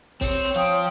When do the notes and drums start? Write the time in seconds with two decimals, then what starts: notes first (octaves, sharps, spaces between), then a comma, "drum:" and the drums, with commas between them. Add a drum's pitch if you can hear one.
0.21 C4 C#5, drum: kick, open hi-hat
0.45 drum: hi-hat
0.56 F3 F4 G5 D#6